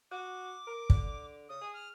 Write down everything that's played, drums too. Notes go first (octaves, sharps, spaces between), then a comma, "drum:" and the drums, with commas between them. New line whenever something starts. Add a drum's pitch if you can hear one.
F#4 D6
A#4
D3, drum: kick
C#3 D#6
G#4
F6